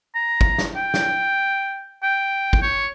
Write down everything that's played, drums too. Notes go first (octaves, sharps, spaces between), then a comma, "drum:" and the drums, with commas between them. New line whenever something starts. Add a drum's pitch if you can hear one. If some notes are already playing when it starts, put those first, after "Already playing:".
A#5
drum: kick
drum: snare
G5
drum: snare
G5
drum: kick
C#5